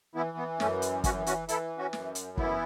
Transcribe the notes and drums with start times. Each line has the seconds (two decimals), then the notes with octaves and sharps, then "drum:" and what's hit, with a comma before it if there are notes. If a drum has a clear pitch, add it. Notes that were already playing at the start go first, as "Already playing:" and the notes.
0.15 E3 B3 E4
0.37 B3
0.60 F#2 A3 C#4, drum: snare
0.82 drum: hi-hat
1.04 E3 C#4 F#4, drum: kick F#1, hi-hat
1.27 C#4 F#4, drum: hi-hat
1.49 E3 E4 A4, drum: hi-hat
1.78 C#4 F#4
1.93 F#2, drum: snare
2.15 drum: hi-hat
2.37 E3 B3 E4, drum: kick F#1